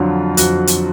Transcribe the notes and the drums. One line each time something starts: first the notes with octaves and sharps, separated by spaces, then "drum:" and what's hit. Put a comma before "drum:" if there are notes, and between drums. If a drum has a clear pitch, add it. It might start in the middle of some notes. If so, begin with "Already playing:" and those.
Already playing: F2 D3 F#3 F4
F2 F#4, drum: hi-hat
drum: hi-hat